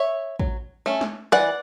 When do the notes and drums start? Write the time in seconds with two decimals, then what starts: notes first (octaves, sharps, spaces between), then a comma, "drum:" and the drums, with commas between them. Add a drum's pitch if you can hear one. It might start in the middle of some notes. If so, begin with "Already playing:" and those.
Already playing: C#5 E5
0.39 F#3, drum: kick
0.86 A3 C#4
1.01 drum: snare
1.32 E3 D5 F#5